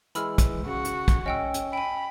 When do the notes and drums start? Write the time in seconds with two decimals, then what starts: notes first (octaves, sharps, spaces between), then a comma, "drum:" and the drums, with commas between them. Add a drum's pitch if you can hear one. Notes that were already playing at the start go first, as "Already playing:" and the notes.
0.15 E3 G#3 B5 E6 F6, drum: hi-hat
0.38 drum: kick, hi-hat
0.66 C#3 F#4
0.85 drum: hi-hat
1.08 drum: kick, hi-hat
1.26 C#4 D#5 G5 E6
1.54 drum: hi-hat
1.73 G5 G#5 B5